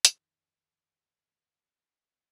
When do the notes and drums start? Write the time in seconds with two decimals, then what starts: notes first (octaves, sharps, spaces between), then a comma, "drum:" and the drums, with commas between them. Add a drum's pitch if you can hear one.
0.05 F2 D#3, drum: hi-hat